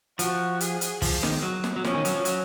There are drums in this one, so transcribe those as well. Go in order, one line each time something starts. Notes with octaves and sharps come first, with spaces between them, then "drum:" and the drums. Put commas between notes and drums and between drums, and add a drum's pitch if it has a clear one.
F3 F#4, drum: hi-hat
G#4, drum: hi-hat
drum: hi-hat
F3, drum: kick, open hi-hat
D#3, drum: snare
F#3
drum: snare
F#3
F3 C#4, drum: snare
D#3
F#3, drum: hi-hat
F3
F#3, drum: hi-hat